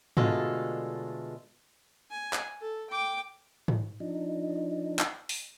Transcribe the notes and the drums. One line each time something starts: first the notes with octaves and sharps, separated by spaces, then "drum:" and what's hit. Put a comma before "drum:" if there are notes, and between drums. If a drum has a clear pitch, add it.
B2 D3 G#3 A3 F4 A4, drum: tom G#2
G#5
drum: clap
A4
G5 D6
drum: tom G#2
F3 D4 D#4
drum: clap
drum: open hi-hat